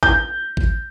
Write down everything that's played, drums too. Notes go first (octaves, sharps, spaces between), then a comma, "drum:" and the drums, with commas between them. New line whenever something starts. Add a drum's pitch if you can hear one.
G6, drum: kick A1
drum: kick A1